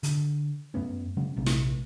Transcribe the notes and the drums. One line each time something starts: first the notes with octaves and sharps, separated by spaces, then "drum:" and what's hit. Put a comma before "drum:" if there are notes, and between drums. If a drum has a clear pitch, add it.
D3, drum: hi-hat
F#2 A3 B3 C#4
C#3 F#3 G#3
A#1 C3 A3
drum: snare